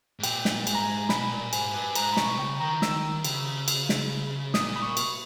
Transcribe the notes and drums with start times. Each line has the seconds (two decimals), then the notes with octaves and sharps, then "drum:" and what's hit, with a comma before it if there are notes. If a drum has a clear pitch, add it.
0.19 G#2
0.24 A#2 G5, drum: cymbal
0.45 drum: snare
0.67 G#2 G#5, drum: cymbal
0.75 A#5
0.83 G#5
1.09 B2 B5, drum: snare
1.32 A#2
1.53 G#2 G#5, drum: cymbal
1.74 G2
1.95 G#2 A#5, drum: cymbal
2.13 B5
2.17 B2 C#6, drum: snare
2.39 C#3 G5
2.60 D#3 A#5
2.82 D#3 E6, drum: snare
3.25 C#3, drum: cymbal
3.68 drum: cymbal
3.89 drum: snare
4.54 A#2 D#6, drum: snare
4.76 B5
4.82 C#6
4.97 drum: cymbal